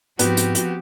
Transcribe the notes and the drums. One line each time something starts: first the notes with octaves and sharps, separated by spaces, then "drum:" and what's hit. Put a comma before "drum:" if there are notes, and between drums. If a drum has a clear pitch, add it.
G#2 F3 B3 C4 F#4 G4, drum: hi-hat
drum: hi-hat
drum: hi-hat